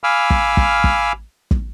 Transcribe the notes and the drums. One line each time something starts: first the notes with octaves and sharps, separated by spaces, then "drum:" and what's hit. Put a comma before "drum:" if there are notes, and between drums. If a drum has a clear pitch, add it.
F5 G#5 B5 D6 E6 F6
drum: kick
drum: kick
drum: kick
drum: kick